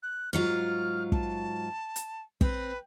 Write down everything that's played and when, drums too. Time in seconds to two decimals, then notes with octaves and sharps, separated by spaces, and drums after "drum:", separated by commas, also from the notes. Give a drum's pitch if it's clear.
0.03 F#6
0.33 G#2 F#3 F4 F6
1.12 A5, drum: kick
1.96 drum: hi-hat
2.41 C4 B4, drum: kick